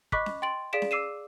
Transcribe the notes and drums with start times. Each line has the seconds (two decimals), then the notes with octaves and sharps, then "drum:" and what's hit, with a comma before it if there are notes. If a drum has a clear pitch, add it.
0.12 D#5 B5 C#6 D6 F#6 B6, drum: kick
0.26 drum: snare C#4
0.42 G5 C6 A6 D7 F#7
0.73 G#4 D5 F5 B6 D7 E7
0.82 drum: snare C#4
0.91 D6 E6 C7 D#7 E7